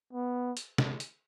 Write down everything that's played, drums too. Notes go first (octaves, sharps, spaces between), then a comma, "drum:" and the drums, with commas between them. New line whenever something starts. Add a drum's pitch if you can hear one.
B3
drum: hi-hat
drum: snare
drum: hi-hat